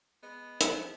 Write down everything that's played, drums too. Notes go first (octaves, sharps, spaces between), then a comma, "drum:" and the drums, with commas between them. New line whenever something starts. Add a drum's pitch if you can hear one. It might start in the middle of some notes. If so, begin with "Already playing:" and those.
G#3 B3
F3 B3 C4 E4, drum: hi-hat